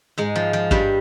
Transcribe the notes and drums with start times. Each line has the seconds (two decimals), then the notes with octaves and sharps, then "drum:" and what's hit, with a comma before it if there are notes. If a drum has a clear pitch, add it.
0.18 G#2 G#3
0.36 F3
0.53 F3
0.71 G2 G3, drum: kick